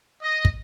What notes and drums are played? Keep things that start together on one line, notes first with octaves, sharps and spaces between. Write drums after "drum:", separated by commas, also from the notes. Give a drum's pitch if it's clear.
D#5
drum: kick